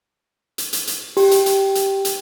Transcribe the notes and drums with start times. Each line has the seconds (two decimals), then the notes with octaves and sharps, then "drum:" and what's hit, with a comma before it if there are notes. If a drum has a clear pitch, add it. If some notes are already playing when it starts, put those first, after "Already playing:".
0.58 drum: hi-hat
0.73 drum: hi-hat
0.87 drum: hi-hat
1.17 G4, drum: open hi-hat
1.31 drum: hi-hat
1.46 drum: hi-hat
1.75 drum: hi-hat
2.05 drum: hi-hat